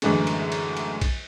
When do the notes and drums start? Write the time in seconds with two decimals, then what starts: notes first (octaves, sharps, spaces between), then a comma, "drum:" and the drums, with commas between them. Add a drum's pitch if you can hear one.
0.02 F#2 A2 D3 E3 G#3 A3, drum: cymbal
0.27 drum: cymbal
0.52 drum: cymbal
0.77 drum: cymbal
1.01 drum: kick A#1, cymbal